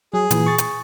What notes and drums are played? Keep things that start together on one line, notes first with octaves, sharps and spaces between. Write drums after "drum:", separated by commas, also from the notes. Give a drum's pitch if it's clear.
F#3 G#4
A#2 E3, drum: hi-hat
C#6 A6
drum: hi-hat